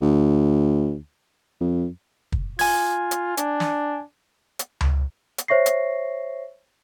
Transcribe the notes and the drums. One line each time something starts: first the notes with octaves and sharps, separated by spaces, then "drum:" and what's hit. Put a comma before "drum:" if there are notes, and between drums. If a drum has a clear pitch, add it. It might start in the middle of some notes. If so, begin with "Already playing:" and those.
D2
F2
drum: kick
F4 G#5 G#6, drum: open hi-hat
drum: hi-hat
D4, drum: hi-hat
drum: snare
drum: hi-hat
drum: tom C#2
drum: hi-hat
C5 C#5 E5 C#6 A#6 C7
drum: hi-hat